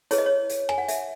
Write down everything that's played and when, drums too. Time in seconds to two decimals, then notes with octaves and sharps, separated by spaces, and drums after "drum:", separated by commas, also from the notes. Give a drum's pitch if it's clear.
0.11 E4 G#4 B4 C#5, drum: hi-hat
0.18 D#5
0.26 C#5
0.49 drum: hi-hat
0.69 G#5, drum: rim click
0.78 F#5
0.88 E5, drum: hi-hat